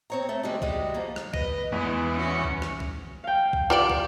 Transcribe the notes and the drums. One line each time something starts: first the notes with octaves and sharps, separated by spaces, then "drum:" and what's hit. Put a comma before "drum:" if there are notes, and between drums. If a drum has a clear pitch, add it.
C4 C#5 A#5
A3
B2 D3 G3 G#3
G3 G#3 F#4, drum: kick
F3 A#3
drum: rim click
B4 D#5, drum: kick
E2 E3 G#3 B3
C#4 F#4
drum: kick
drum: rim click
drum: kick
F5 G5
drum: kick
F4 G4 D5 D6 F#7
drum: kick